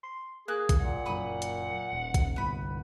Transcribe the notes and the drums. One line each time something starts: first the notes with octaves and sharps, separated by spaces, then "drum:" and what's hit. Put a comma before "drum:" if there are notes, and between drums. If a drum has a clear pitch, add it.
C6
A#3 G#4 F#6
drum: kick A#1, hi-hat
C2 A#2 F#5
F#1 F#2 B5 C#6 D#6
drum: hi-hat
D#1
drum: kick A#1, hi-hat
G1 C2 B3 B5